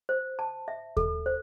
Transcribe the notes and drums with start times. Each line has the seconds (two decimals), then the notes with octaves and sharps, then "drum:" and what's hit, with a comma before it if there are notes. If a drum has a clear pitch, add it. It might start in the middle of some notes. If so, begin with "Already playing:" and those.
0.09 C5
0.39 A5
0.68 E5
0.97 A4, drum: kick D#2
1.26 C5